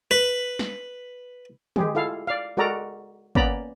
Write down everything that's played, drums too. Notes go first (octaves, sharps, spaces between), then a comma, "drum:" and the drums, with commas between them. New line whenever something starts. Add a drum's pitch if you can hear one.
B4
drum: snare
G#3 G4 G#4, drum: tom
E4 F4 A4 F5
D5 F5
G#3 F#4 A4 A#4 D5 A#5
A#3 B3 C#4 D5 A#5 B5, drum: kick